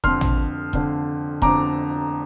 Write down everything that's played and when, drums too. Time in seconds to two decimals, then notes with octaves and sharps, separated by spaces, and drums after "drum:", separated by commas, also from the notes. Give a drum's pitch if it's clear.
0.04 F2 D3 C6 F6, drum: kick E1
0.21 drum: tom
0.73 F2 D3, drum: kick E1
1.42 F2 D3 A#5 D6, drum: kick E1